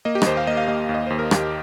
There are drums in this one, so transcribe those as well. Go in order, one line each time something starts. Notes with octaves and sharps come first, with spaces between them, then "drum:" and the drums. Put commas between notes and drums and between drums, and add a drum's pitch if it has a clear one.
A#3 D#5
G4
D#5, drum: rim click
D#2 C5
F5
A#3 D#5
F5
A#3 D#5
D#2
D#5
D#2 C5
A#4
D#2 G4, drum: rim click